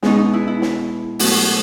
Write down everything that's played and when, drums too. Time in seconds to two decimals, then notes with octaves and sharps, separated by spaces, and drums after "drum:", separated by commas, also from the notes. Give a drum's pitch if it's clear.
0.03 B2 G#3 B3 D#4, drum: snare
0.19 D#4
0.33 E4
0.48 E4
0.62 drum: snare
1.19 B2 F#3 A3 F#4, drum: open hi-hat
1.34 F#4